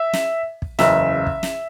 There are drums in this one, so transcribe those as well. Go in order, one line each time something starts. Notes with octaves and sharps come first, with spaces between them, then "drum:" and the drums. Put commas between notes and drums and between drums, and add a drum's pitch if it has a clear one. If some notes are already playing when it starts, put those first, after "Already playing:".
Already playing: E5
drum: snare
drum: kick
F#1 E2 C#3 E5, drum: snare
drum: kick
drum: snare